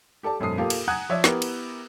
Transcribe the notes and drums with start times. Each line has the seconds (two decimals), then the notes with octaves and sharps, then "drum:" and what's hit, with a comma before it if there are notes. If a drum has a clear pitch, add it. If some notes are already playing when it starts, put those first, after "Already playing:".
0.23 G4 A4 D5 A5
0.40 G#1 F#2 B2 A4 D#6 C7
0.58 A#3 F4 G4 A4 A#4 F5
0.70 drum: cymbal
0.88 F#5 G#5 A#5 D#6 F#6 G#6
1.09 F3 C#5 D5 E5 E6
1.24 B3 E4 G4 A#4 B4, drum: snare
1.42 drum: cymbal